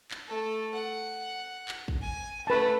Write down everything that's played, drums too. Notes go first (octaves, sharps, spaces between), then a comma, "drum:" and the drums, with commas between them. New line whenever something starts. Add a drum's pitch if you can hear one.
drum: clap
A3 A4
F#5
drum: clap
drum: kick
G#5
A3 C#4 B4 A5